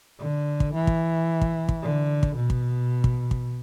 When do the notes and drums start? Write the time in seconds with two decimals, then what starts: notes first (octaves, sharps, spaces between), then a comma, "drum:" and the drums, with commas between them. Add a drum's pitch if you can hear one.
0.20 D3
0.60 drum: kick
0.74 E3
0.87 drum: kick
1.41 drum: kick
1.69 drum: kick
1.82 D3
2.23 drum: kick
2.36 B2
2.50 drum: kick
3.04 drum: kick
3.31 drum: kick